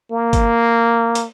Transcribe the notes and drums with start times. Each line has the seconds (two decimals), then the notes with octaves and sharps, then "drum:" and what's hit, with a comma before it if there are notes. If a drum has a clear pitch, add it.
0.12 A#3
0.33 drum: kick, hi-hat
1.15 drum: hi-hat